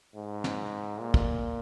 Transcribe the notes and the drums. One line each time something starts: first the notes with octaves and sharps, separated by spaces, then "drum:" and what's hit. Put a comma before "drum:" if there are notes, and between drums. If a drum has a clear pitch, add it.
G#2
drum: snare
A#2
drum: kick